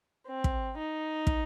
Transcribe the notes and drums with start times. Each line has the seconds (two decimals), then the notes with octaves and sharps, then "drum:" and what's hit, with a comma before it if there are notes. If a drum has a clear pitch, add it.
0.28 C4
0.44 drum: kick
0.77 D#4
1.27 drum: kick